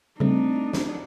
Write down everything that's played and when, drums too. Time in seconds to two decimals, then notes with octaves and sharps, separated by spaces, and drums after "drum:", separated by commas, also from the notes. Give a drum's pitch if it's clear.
0.20 C#3 G3 A3 C4 D4 D#4
0.73 drum: snare